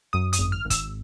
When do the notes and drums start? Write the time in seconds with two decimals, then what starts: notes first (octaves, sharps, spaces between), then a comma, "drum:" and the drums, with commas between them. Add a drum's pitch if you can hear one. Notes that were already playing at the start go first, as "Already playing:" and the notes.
0.13 F#2 D#6
0.33 D#6, drum: hi-hat
0.39 G#1
0.52 F6
0.65 G#1
0.70 E6, drum: kick, hi-hat